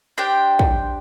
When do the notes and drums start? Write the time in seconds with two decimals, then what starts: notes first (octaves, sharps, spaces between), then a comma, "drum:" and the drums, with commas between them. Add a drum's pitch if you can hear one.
0.18 D4 G4 C5 G5
0.59 drum: kick